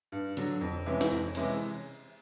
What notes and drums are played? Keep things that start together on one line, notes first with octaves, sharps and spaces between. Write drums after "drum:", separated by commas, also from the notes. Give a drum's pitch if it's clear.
G2
D3 F#3, drum: hi-hat
F2
C3 E3 G#3 C#4
drum: snare
F2
C3 E3 G#3 C#4, drum: cymbal